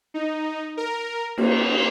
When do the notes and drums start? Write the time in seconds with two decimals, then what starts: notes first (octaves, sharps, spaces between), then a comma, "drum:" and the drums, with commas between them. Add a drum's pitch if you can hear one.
0.14 D#4
0.77 A#4
1.38 A#3, drum: cymbal